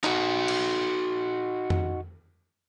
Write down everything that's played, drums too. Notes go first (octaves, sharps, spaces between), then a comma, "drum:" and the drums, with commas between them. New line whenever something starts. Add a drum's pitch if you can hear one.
D#4 F#4, drum: clap
drum: cymbal
drum: tom F2